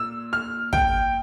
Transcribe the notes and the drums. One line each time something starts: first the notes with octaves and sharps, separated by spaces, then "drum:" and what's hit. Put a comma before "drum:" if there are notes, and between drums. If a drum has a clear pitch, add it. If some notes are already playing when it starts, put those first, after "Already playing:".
Already playing: A#2 E6
F6
G5, drum: kick